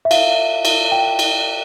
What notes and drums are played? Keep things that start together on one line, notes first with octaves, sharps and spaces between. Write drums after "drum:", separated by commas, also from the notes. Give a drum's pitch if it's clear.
E5
F5, drum: cymbal
drum: cymbal
G5
drum: cymbal